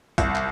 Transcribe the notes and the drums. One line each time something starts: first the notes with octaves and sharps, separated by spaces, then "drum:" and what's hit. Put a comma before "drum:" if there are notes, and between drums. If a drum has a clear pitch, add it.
C2, drum: kick, hi-hat
drum: clap